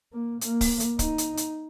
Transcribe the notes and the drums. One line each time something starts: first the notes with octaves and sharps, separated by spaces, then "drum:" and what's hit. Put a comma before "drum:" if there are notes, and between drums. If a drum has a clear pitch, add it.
A#3
A#3, drum: hi-hat
drum: kick, open hi-hat
drum: hi-hat
D#4, drum: kick, hi-hat
drum: hi-hat
drum: hi-hat